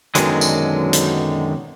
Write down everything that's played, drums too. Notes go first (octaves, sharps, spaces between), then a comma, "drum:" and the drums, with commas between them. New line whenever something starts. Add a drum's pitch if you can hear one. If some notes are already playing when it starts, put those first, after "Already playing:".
F#2 B2 D3 D#3 F#3 G#3, drum: hi-hat
drum: tambourine
drum: hi-hat